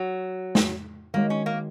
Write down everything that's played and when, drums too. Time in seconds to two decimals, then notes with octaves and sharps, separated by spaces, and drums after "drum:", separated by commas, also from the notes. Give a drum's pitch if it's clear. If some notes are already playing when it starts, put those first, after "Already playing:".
Already playing: F#3
0.55 drum: snare
1.14 D#3 G#3 A#3 F#4 C#5
1.30 C#4
1.46 A#3